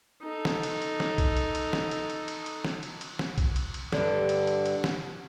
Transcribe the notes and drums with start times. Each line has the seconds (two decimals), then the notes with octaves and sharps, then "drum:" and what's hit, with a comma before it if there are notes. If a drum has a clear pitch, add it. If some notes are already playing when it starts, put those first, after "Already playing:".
0.23 D#4 A4
0.45 drum: snare
0.63 drum: cymbal
0.82 drum: cymbal
1.00 drum: snare
1.18 drum: kick B1, cymbal
1.37 drum: cymbal
1.55 drum: cymbal
1.73 drum: snare
1.91 drum: cymbal
2.10 drum: cymbal
2.28 drum: cymbal
2.46 drum: cymbal
2.64 drum: snare
2.83 drum: cymbal
3.01 drum: cymbal
3.19 drum: snare
3.38 drum: kick B1, cymbal
3.56 drum: cymbal
3.74 drum: cymbal
3.92 G2 D3, drum: snare
4.29 drum: cymbal
4.47 drum: cymbal
4.66 drum: cymbal
4.84 drum: snare